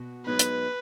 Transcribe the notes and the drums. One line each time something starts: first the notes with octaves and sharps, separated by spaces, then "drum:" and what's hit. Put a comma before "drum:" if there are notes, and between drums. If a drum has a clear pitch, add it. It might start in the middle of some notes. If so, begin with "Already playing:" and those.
Already playing: B2 F#4
G#2 F#3 B3 D#4 B4
drum: hi-hat